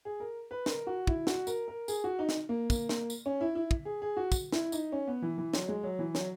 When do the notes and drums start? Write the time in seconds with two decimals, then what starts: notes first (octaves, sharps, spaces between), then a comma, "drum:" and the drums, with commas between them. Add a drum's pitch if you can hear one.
0.05 G#4
0.20 A#4
0.51 B4
0.66 A#4, drum: snare
0.87 F#4
1.07 E4, drum: kick
1.27 F#4, drum: snare
1.47 A#4, drum: tambourine
1.68 A#4
1.88 G#4, drum: tambourine
2.04 F#4
2.19 D#4
2.29 drum: snare
2.49 A#3
2.70 A#3, drum: kick, tambourine
2.89 A#3, drum: snare
3.10 drum: tambourine
3.26 C#4
3.41 E4
3.55 E4
3.71 drum: kick
3.85 G#4
4.02 G#4
4.17 F#4
4.32 drum: kick, tambourine
4.52 E4, drum: snare
4.72 D#4, drum: tambourine
4.92 C#4
5.07 B3
5.22 E3
5.38 E3
5.54 F#3, drum: snare
5.68 G#3
5.84 F#3
5.99 E3
6.15 F#3, drum: snare